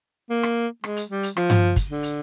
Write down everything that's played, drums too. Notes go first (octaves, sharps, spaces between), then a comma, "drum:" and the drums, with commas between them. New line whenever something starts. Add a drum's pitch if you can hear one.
A#3
drum: rim click
G#3, drum: rim click
drum: hi-hat
G3
drum: hi-hat
F3, drum: rim click
drum: tom G2
drum: kick, hi-hat
D3
drum: hi-hat